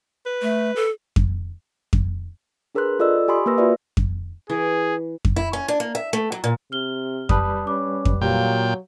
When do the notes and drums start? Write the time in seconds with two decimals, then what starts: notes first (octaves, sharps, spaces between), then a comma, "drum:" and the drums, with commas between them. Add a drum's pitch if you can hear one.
0.26 B4
0.42 A3
0.76 A4
1.16 drum: kick F2
1.93 drum: kick F2
2.75 D4 G#4 A#4 B4 C6 F#6
2.99 F4 A4 D5 D#5 E6
3.28 G4 G#5 B5 C6 D#6
3.46 A#3 A#4 B4 E6 A#6
3.58 F4 F#4 A#4 B4 D5 E5
3.97 drum: kick F2
4.50 E3 G#4
5.25 drum: kick F2
5.36 E4
5.53 C#4
5.68 D4
5.80 A#3
5.95 E5
6.13 A3
6.32 F#3
6.44 A#2
6.72 C3 F6 G7
7.29 G3 B4 A5 D#6, drum: kick F2
7.67 C#4 D6
8.05 drum: kick F2
8.21 A#2 F#3 G4 F5 G5